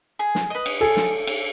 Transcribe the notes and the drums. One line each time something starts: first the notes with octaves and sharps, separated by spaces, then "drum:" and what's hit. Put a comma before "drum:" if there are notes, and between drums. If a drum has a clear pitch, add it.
G#4
drum: snare
B4 D#5
drum: cymbal
G#4 A4
drum: snare
drum: cymbal